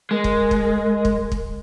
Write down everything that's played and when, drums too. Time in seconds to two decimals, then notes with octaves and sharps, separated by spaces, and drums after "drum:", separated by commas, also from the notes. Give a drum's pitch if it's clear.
0.11 G#3 A#4
0.24 drum: kick
0.51 drum: kick
1.05 drum: kick
1.32 drum: kick